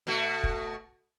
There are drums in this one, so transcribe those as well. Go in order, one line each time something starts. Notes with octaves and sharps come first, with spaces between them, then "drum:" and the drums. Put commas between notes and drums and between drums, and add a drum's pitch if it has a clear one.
B2 A3 F#4
drum: kick